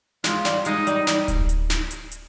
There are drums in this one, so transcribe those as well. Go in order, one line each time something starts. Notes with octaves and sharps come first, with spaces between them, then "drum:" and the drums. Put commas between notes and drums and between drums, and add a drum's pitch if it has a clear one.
G#3 F4, drum: snare
G3, drum: snare
G#3 D#4, drum: hi-hat
G3, drum: hi-hat
G3, drum: snare
drum: kick D1, hi-hat
drum: hi-hat
drum: snare
drum: hi-hat
drum: hi-hat